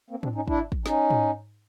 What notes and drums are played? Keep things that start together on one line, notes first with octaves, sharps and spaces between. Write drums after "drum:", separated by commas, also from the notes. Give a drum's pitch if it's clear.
A#3 C4
C4 D4, drum: tom
C#4 D#4
D4 E4, drum: kick
drum: kick
C#4 D#4, drum: snare
drum: tom